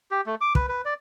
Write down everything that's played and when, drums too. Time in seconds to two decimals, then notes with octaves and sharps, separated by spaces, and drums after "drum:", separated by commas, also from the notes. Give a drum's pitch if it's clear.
0.11 G4
0.26 A3
0.41 D6
0.55 B4, drum: kick
0.69 B4
0.85 D5